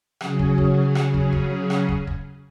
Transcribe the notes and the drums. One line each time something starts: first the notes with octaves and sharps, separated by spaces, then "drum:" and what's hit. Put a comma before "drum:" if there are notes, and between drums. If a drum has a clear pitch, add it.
C#3 F#3 C#4 G#4, drum: rim click
drum: kick
drum: kick
drum: rim click
drum: kick
drum: kick
drum: rim click
drum: kick
drum: kick